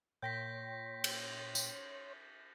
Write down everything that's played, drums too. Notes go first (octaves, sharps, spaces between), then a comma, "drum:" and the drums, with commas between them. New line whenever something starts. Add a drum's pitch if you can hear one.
A#2 C#5 G5 C6 G6 A#6 B6
drum: cymbal
drum: tambourine